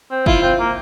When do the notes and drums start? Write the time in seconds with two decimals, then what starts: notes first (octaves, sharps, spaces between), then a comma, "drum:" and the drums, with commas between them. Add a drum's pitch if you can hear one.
0.11 C4
0.26 E4 F4, drum: kick
0.43 C4
0.59 A#3